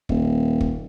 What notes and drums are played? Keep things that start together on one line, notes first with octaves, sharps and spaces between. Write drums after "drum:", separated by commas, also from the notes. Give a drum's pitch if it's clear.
D#1, drum: kick
drum: kick